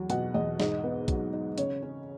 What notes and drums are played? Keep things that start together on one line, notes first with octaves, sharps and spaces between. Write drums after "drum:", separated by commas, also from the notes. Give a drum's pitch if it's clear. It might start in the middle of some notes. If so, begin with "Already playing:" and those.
Already playing: E2 F#3
B2 F#5, drum: hi-hat
E2 D#5
G#2 D#5, drum: snare
B3
F#3, drum: kick, hi-hat
D#4
C#3 C#5, drum: hi-hat
C#4